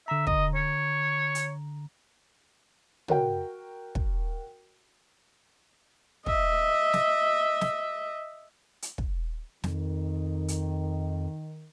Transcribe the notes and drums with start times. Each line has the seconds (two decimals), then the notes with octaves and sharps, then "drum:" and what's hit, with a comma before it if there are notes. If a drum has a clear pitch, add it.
0.08 D3 E5 A#5
0.27 D#5, drum: kick
0.55 C#5
1.35 drum: hi-hat
3.08 F#4 A#4 G5, drum: tom
3.95 drum: kick
6.26 D#5 E5, drum: kick
6.93 drum: snare
7.61 drum: snare
8.82 drum: hi-hat
8.98 drum: kick
9.64 F2 D#3, drum: snare
10.48 drum: hi-hat